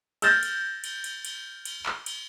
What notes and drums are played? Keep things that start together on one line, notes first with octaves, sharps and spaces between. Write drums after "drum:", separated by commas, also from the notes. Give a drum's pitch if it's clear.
E6 F6 G6 A6 A#6 E7, drum: cymbal
drum: cymbal
drum: cymbal
drum: cymbal
drum: cymbal
drum: cymbal
drum: clap
drum: cymbal